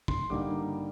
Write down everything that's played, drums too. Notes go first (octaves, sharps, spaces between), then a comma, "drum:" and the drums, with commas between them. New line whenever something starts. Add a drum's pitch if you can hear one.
C6, drum: kick
G2 D3 G3 A#3 D#4 D6